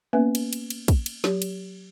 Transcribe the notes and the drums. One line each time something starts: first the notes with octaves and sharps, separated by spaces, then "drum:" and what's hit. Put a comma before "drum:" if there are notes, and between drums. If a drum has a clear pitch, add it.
A#3 B3 C#4 B4 E5 G#5
drum: cymbal
drum: cymbal
drum: cymbal
drum: kick, cymbal
drum: cymbal
F#3 G4, drum: snare
drum: cymbal